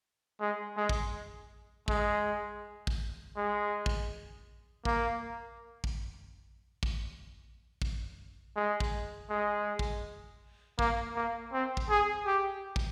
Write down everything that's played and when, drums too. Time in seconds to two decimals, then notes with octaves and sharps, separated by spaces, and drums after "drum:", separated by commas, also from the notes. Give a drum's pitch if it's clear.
0.40 G#3
0.77 G#3
0.89 drum: kick
1.88 G#3, drum: kick
2.87 drum: kick
3.36 G#3
3.86 drum: kick
4.85 A#3, drum: kick
5.84 drum: kick
6.83 drum: kick
7.82 drum: kick
8.56 G#3
8.80 drum: kick
9.30 G#3
9.79 drum: kick
10.79 A#3, drum: kick
11.16 A#3
11.53 C4
11.77 drum: kick
11.90 G#4
12.26 G4
12.76 drum: kick